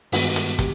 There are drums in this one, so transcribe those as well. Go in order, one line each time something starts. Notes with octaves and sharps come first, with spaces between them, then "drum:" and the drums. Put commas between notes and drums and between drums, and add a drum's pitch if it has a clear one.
G2 D#3 G#3 B3 F#4, drum: open hi-hat
drum: hi-hat
G4, drum: kick, hi-hat